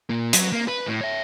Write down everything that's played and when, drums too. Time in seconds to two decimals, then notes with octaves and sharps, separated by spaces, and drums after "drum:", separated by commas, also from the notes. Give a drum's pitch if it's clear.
0.10 A#2 A#3
0.33 F#3, drum: hi-hat
0.52 A#3
0.68 B4
0.88 A2
1.01 C#5 E5